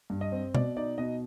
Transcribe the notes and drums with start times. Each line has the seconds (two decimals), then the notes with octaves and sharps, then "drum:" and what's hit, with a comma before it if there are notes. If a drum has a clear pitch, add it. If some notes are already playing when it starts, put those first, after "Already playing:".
0.10 G2
0.21 D#5
0.32 C4
0.55 B2 D5, drum: tom B2
0.76 D#4 D5
0.98 B2 D#5